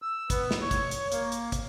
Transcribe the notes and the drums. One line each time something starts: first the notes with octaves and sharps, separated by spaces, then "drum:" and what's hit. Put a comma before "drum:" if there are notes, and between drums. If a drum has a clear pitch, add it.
E6
B3, drum: kick, hi-hat
drum: snare
C#5
drum: kick, hi-hat
drum: hi-hat
A#3, drum: hi-hat
drum: hi-hat
drum: kick, hi-hat